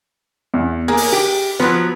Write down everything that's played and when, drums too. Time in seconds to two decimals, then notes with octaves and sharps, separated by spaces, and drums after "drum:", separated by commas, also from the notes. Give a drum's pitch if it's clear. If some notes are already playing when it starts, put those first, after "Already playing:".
0.54 E2
0.88 A#3 G#4
0.97 drum: open hi-hat
1.12 G4
1.60 F3 F#3 B3